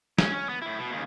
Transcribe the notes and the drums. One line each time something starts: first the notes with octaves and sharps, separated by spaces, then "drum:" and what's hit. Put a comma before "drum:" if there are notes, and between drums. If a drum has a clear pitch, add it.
C#4, drum: snare
C#4
B3
A2 E4
B2
D#2 C#3